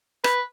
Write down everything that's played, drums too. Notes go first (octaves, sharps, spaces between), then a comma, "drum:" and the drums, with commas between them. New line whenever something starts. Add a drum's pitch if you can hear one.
B4, drum: rim click